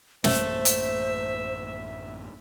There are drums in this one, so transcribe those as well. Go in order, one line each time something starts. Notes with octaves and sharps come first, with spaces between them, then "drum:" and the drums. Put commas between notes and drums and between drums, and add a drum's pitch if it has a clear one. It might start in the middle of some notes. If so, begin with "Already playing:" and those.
A1 F#2 A3 A#3 C5 E5, drum: snare
drum: hi-hat